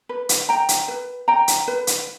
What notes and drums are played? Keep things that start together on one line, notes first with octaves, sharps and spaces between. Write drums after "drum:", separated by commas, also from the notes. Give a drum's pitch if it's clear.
B4
drum: hi-hat
G5 A#5
drum: hi-hat
B4
G5 A#5
drum: hi-hat
B4
drum: hi-hat